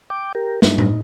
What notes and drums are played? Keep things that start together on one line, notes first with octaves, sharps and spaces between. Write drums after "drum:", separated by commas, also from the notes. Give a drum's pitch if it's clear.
G5 D6
G4 A#4
G2 D#4, drum: snare
drum: tom A2